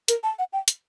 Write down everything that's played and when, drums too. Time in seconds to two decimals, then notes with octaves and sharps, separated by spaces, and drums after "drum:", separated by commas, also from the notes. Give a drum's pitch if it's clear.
0.08 A#4, drum: hi-hat
0.23 A5
0.39 F#5
0.53 G5
0.68 drum: hi-hat